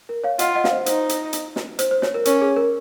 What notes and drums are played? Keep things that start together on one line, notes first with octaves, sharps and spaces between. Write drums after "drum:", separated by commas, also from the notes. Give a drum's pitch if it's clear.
A#4
C#5 F5
F4 D#5 F#5, drum: hi-hat
D#5 F#5
F5, drum: snare
C5 D#5
D#4 C5, drum: hi-hat
drum: hi-hat
drum: hi-hat
drum: snare
C5, drum: hi-hat
C5
C#5, drum: snare
A#4
C#4 A#4, drum: hi-hat
G#4
A#4